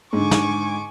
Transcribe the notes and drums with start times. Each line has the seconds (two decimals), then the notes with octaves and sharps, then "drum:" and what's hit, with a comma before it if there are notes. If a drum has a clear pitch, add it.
0.13 G#2 D3 G#5 C#6 D6
0.31 drum: snare